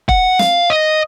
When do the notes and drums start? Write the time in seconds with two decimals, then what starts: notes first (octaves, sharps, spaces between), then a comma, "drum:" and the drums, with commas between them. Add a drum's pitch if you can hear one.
0.09 F#5, drum: kick E1
0.39 F5, drum: snare
0.70 D#5